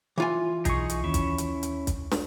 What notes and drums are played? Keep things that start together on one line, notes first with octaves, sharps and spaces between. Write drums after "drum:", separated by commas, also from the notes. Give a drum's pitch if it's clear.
E3 F4 G#5
B1 D#4 G#4 C#6, drum: kick, hi-hat
drum: hi-hat
D#2 C#4 E4 C#6
drum: kick, hi-hat
drum: hi-hat
drum: hi-hat
drum: kick, hi-hat
drum: snare